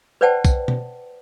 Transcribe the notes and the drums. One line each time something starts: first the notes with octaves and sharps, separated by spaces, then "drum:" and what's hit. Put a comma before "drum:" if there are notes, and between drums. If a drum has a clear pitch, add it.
B4 C5 D5 F#5 G5 A5
drum: kick B1, tambourine
drum: tom B2